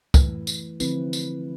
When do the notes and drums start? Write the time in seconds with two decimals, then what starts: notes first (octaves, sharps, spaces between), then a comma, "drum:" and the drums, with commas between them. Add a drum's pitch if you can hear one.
0.14 E3 A3 E4 B4, drum: kick, tambourine
0.47 drum: tambourine
0.80 D3 F3 C4 E4 B4, drum: tambourine
1.13 drum: tambourine